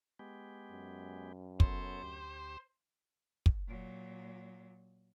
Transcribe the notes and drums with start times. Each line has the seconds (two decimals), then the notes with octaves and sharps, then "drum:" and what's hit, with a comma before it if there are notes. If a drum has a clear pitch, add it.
0.19 G#3 B3 G4
0.71 F#2
1.60 B3 A4 C5 C#5, drum: kick
2.03 D2 G4
3.46 drum: kick
3.68 A#2 F#3